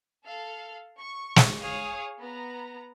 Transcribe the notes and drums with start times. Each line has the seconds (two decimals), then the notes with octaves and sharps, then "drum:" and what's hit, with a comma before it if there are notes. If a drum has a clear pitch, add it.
0.24 A4 F5
0.98 C#6
1.36 drum: snare
1.61 G#4 C#5 F5 D#6
2.21 B3 A#5